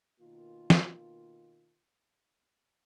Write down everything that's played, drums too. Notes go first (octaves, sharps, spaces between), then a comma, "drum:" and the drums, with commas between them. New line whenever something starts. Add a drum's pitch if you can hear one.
B2 D#3 A#3 F4
drum: snare